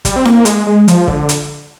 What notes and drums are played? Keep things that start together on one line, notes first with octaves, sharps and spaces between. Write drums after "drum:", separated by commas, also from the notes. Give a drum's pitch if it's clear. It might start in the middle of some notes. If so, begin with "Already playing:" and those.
G3, drum: kick, hi-hat
C4
A#3, drum: snare E4
G#3, drum: hi-hat
G#3
F3, drum: hi-hat
D3, drum: kick
drum: hi-hat